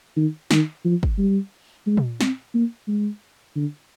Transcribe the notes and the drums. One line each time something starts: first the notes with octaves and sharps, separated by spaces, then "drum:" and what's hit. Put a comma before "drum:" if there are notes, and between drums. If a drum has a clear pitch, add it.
D#3
D#3, drum: snare
F3
drum: kick
G3
G#3
drum: tom A#2
C4, drum: snare
A#3
G#3
D3